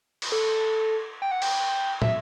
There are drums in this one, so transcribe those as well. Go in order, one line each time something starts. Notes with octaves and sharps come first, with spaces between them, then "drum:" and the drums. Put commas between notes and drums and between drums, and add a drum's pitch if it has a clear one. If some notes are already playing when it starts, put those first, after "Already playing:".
drum: cymbal
A4
G5
F#5
G5, drum: cymbal
E5, drum: tom